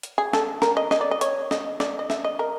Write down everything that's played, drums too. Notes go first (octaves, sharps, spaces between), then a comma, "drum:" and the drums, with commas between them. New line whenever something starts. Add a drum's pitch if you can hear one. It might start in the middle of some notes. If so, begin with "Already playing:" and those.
drum: hi-hat
G#4
A4, drum: snare
A#4, drum: snare
D#5
D#5, drum: snare
D5
D#5
C#5, drum: hi-hat
D#5, drum: snare
D5, drum: snare
D#5
E5, drum: snare
D#5
A#4